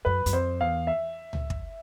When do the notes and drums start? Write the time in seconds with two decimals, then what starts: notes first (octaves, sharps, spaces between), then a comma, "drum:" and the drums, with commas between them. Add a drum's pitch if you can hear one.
0.05 F#2 B4
0.26 F#2, drum: hi-hat
0.32 F2 C5
0.61 E2 F5
0.87 E5
1.33 drum: tom C#2
1.50 drum: kick